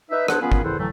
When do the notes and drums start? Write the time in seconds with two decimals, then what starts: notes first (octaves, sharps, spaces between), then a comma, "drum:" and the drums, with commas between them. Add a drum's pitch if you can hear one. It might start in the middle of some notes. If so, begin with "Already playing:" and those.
0.11 D#4 B4 E5
0.28 B3 D4 G#4 C5 F#5, drum: rim click
0.41 A#3 B3 C#4 F4 G#4 B4
0.52 drum: kick
0.63 E2 D#3 E4 A4 C5 F#5
0.78 A2 D3 E3 F#3 A3